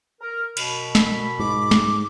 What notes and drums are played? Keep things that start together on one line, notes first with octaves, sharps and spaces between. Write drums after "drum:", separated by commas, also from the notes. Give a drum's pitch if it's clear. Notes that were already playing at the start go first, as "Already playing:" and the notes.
A#4
F#2 B2 B5, drum: cymbal
drum: snare
G#2 D6
drum: snare